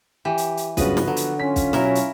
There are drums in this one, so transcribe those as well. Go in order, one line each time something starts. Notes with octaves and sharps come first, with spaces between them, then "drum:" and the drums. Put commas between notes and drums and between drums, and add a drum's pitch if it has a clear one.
E3 G4
drum: hi-hat
drum: hi-hat
G2 C#3 F3 F#3 B3 F#4 B4 D#5, drum: kick, hi-hat
drum: snare
D3 F#3
drum: hi-hat
C#4 F4 B6
drum: kick, hi-hat
B2 F#3 E4 A#4, drum: snare
drum: hi-hat